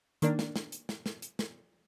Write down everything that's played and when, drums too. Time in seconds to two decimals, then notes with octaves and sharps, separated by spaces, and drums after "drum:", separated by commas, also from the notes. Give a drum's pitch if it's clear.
0.22 D#3 A#3 D4, drum: hi-hat
0.39 drum: snare
0.56 drum: snare
0.72 drum: hi-hat
0.89 drum: snare
1.06 drum: snare
1.22 drum: hi-hat
1.39 drum: snare